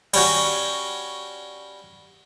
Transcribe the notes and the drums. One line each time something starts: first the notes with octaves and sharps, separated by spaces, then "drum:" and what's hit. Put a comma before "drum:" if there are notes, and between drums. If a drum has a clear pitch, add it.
G3 C#4 F#4, drum: cymbal